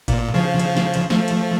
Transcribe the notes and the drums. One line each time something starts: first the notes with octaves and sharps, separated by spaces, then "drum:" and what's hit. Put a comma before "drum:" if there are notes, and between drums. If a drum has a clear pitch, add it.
A#2, drum: kick G#1, cymbal
C#3 F3
drum: cymbal
drum: snare
drum: cymbal
F3 A3, drum: snare
drum: cymbal